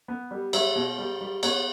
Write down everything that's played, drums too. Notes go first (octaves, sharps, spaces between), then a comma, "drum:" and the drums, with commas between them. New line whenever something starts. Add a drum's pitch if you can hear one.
B3
G3
G3 C#5 E5, drum: cymbal
B2
G3
G3
B3 C#5, drum: cymbal